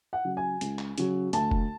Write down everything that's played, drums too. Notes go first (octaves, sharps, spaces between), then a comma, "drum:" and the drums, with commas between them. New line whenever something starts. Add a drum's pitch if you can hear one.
F#5
C#3 F#3
G#5
C#2, drum: hi-hat
drum: clap
C#3 F#3, drum: hi-hat
D2 A5, drum: hi-hat
drum: kick F1